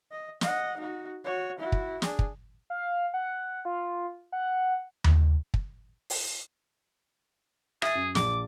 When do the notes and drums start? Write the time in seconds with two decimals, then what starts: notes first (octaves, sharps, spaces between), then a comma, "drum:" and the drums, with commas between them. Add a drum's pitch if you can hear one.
0.11 D#5
0.41 D#5 F#5, drum: snare
0.77 D#4 F#4
1.24 F#4 C#5
1.59 E4 F#4
1.72 drum: kick
2.02 D4 G#4, drum: snare
2.19 drum: kick
2.70 F5
3.14 F#5
3.65 F4
4.32 F#5
5.04 drum: tom D#2
5.54 drum: kick
6.10 drum: open hi-hat
7.82 G#4 E5 A6, drum: rim click
7.95 F#2
8.15 A#1 D6, drum: snare